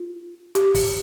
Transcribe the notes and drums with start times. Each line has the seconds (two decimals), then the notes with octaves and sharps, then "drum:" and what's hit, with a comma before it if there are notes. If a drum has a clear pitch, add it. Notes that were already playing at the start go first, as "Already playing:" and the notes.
Already playing: F4
0.55 G4, drum: hi-hat
0.74 drum: kick, open hi-hat